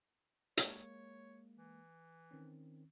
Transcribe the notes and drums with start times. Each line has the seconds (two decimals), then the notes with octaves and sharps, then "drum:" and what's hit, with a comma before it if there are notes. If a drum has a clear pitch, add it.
0.57 G#3 A#3 C#5, drum: hi-hat
1.56 E3
2.31 D#3 C4 C#4